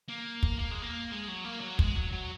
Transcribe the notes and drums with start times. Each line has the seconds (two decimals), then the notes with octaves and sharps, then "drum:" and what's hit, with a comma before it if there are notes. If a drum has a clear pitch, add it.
0.08 A#3
0.43 drum: kick
0.59 A#3
0.71 G#3
0.82 A#3
1.11 G#3
1.28 F#3
1.45 A#3
1.61 F#3
1.79 G#3, drum: kick
1.96 F#3
2.12 F#3